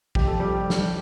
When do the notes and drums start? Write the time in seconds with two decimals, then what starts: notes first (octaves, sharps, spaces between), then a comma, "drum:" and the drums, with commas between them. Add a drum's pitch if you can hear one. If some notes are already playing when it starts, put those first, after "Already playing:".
0.15 F2 C3 F3 G4, drum: kick
0.27 A4
0.40 G3 G4
0.70 drum: snare